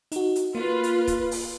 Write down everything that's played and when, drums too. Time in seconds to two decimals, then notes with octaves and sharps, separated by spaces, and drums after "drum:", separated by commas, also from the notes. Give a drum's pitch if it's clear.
0.12 D#4 F#4, drum: hi-hat
0.36 drum: hi-hat
0.55 A#3 F4 B4
0.83 drum: hi-hat
1.07 drum: kick C#1, hi-hat
1.31 drum: open hi-hat